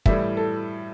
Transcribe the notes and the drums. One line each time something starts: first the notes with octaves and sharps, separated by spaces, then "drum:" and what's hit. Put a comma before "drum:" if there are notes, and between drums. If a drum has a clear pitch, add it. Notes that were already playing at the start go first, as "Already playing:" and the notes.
A2 E3 G3 E5, drum: kick
A4